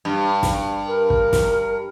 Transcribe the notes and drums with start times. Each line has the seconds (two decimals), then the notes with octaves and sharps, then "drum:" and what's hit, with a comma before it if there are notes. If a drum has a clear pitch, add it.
0.05 G2
0.43 drum: snare
0.88 A#4
1.10 drum: kick
1.33 drum: snare